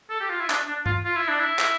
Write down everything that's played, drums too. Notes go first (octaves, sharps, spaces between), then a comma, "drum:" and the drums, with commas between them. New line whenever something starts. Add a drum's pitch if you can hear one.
A4
G4
F4
E4
D4, drum: clap
D4
F4, drum: tom
F4
E4
D4
E4
drum: clap